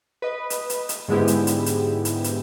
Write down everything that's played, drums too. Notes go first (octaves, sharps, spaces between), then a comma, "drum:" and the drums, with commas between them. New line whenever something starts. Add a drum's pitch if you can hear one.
B4 D#5
drum: hi-hat
drum: hi-hat
drum: hi-hat
G#2 D3 G#3 B3 E4 G4
drum: hi-hat
drum: hi-hat
drum: hi-hat
drum: hi-hat
drum: hi-hat